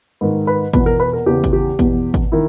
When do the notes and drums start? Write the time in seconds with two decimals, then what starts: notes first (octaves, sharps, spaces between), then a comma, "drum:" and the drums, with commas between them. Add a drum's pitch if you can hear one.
0.21 G#2 D#3 B4
0.47 B4
0.74 E2 B2 B4, drum: kick G#1, hi-hat
0.86 A#4
1.00 B4
1.13 A#4
1.26 E2 C#3 E3 G4
1.44 drum: kick G#1, hi-hat
1.53 G4
1.79 E2 B2, drum: kick G#1, hi-hat
2.14 drum: kick G#1, hi-hat
2.32 D#3 E4